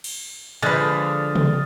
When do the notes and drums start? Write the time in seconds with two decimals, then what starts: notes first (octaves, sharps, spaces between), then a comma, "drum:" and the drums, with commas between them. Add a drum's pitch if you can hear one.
0.04 drum: cymbal
0.62 D3 F3 G#3 B4 D#6 F6 A6
1.35 drum: tom